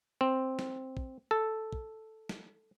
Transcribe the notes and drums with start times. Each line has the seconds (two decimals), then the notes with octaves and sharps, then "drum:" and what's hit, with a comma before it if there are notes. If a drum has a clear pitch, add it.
0.21 C4
0.59 drum: snare
0.97 drum: kick
1.31 A4
1.73 drum: kick
2.29 drum: snare